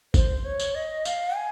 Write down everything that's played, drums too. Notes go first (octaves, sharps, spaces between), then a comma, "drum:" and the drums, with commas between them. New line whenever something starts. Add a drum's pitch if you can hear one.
C5, drum: kick G#1, tambourine
C#5
drum: tambourine
D#5
F5, drum: tambourine
G#5